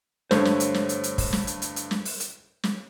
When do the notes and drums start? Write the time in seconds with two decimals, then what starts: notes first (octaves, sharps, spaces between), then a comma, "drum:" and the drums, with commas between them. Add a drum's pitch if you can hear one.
0.31 G2 D3 A3 C5 C#5, drum: snare
0.45 drum: snare
0.60 drum: hi-hat
0.74 drum: snare
0.89 drum: hi-hat
1.04 drum: hi-hat
1.18 drum: kick, open hi-hat
1.33 drum: snare
1.47 drum: hi-hat
1.62 drum: hi-hat
1.76 drum: hi-hat
1.91 drum: snare
2.05 drum: open hi-hat
2.20 drum: hi-hat
2.64 drum: snare